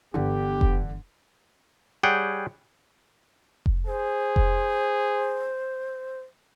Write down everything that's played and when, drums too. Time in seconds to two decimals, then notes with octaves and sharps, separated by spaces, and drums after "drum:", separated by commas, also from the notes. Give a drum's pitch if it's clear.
0.14 G1 D3 E3 B3 G4
0.61 drum: kick F1
2.03 G3 G#4 C#5 F#5 G5
3.66 drum: kick F1
3.87 G#4 C5
4.36 drum: kick F1